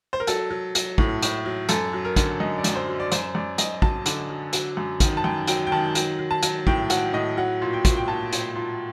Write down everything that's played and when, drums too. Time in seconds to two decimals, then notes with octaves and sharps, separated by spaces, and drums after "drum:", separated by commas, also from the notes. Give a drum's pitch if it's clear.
0.13 C5
0.20 A#4
0.27 F#3 A4, drum: hi-hat
0.51 F#3
0.75 F#3, drum: hi-hat
0.98 A2, drum: kick
1.22 A2, drum: hi-hat
1.46 F#3
1.69 F#2 A4, drum: hi-hat
1.93 F#3
2.05 A#4
2.16 D3, drum: kick, hi-hat
2.40 F#2 D#5
2.58 D5
2.64 F#2, drum: hi-hat
2.76 C5
2.88 F#3
3.00 D5
3.12 F#2 C5, drum: hi-hat
3.35 F#2 D5
3.58 F#2 D#5, drum: hi-hat
3.82 F#3 A5, drum: kick
4.06 D3, drum: hi-hat
4.30 F#3
4.53 F#3, drum: hi-hat
4.77 F#2
5.00 D#3, drum: kick, hi-hat
5.17 A5
5.24 F#2 G5
5.47 F#3 G5, drum: hi-hat
5.67 G5
5.72 D#3 A5
5.95 F#3, drum: hi-hat
6.19 F#3
6.31 A5
6.43 F#3, drum: hi-hat
6.67 A2 G5, drum: kick
6.90 F#3 F#5, drum: hi-hat
7.13 A2 D#5
7.37 F#3 F#5
7.62 A#2
7.73 G5
7.85 A#2, drum: kick, hi-hat
7.97 G5
8.08 A#2 A5
8.33 A#2, drum: hi-hat
8.55 A#2